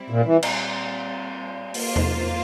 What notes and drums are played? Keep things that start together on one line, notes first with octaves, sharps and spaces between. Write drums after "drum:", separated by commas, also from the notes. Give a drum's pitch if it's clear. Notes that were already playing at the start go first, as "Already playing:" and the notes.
Already playing: G3 C4 E4
A#2
E3
A#2 G3 C4, drum: cymbal
A#3 F4 C5, drum: open hi-hat
drum: tom E2